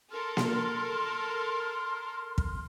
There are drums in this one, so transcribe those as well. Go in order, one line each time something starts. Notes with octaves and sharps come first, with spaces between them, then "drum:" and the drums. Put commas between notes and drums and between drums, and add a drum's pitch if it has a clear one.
A4 A#4 C6 F6
drum: snare A#3
drum: kick